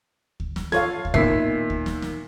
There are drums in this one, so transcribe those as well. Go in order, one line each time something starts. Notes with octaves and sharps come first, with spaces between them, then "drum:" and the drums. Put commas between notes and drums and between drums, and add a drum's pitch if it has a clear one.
drum: kick D2
drum: snare
F4 A4 C#5 F5 G#6, drum: snare
drum: kick D2
A#2 D#3 B3 D#4 A#4 E5 B6 C7
drum: kick D2
drum: snare
drum: snare